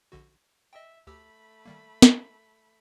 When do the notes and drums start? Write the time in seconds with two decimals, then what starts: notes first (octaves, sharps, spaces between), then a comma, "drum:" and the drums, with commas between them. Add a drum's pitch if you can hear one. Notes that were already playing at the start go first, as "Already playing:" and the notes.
0.12 A#1 D3 F#4
0.73 D#5 E5 G5
1.07 D2 A3 G4 B5 E6
1.66 D#3 G3 A#3
2.02 drum: snare